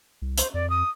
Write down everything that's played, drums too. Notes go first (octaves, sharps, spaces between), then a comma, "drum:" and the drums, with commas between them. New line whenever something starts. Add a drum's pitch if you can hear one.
C2
C5, drum: hi-hat
F2 D5
D#6